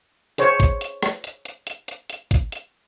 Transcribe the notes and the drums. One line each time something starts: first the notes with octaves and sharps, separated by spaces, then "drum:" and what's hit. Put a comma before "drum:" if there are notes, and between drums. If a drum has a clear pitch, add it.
G#4 C5 C#5, drum: hi-hat
drum: kick, hi-hat
drum: hi-hat
drum: rim click
drum: hi-hat
drum: hi-hat
drum: hi-hat
drum: hi-hat
drum: hi-hat
drum: kick, hi-hat
drum: hi-hat